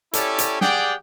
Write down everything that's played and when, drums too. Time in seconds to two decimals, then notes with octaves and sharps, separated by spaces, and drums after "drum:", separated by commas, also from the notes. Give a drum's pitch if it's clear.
0.13 C#4 E4 G4 A4 C#5 D5, drum: hi-hat
0.38 drum: hi-hat
0.61 G4 G#4 D5 F#5 G5, drum: snare